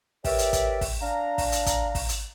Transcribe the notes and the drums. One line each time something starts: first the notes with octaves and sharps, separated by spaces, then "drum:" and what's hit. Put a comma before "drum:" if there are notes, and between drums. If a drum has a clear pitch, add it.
G4 A#4 B4 C#5 D5 E5, drum: kick, open hi-hat
drum: hi-hat
drum: kick, hi-hat
drum: kick, open hi-hat
D4 F5 A#5
drum: kick, open hi-hat
drum: hi-hat
drum: kick, hi-hat
drum: kick, open hi-hat
drum: hi-hat